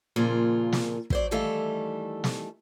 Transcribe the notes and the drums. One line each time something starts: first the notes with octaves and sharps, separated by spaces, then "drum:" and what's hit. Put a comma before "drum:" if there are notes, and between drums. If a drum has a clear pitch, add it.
A#2 C#3 F3 A#3 F4
drum: snare
F#3 C5 D5, drum: kick
D#3 E3 G3 A3 A4 F5
drum: snare